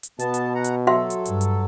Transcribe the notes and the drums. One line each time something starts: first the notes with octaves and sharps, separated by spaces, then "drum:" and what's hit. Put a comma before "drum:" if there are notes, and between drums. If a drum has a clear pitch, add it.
drum: hi-hat
B2 B3 A5, drum: hi-hat
drum: hi-hat
F#5 A#5
drum: hi-hat
F#3 F#4 A4 E5 C6
drum: hi-hat
G2, drum: hi-hat
drum: hi-hat